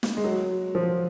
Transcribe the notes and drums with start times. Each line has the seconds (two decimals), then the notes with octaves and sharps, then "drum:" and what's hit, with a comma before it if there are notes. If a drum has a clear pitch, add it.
0.03 drum: snare
0.17 G#3
0.24 F#3
0.75 F3